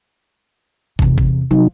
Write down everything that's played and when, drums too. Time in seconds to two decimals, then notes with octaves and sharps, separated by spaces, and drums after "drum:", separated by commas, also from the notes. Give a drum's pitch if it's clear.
0.99 E2 C3, drum: kick
1.18 drum: kick
1.51 C3 F3 F#3 D#4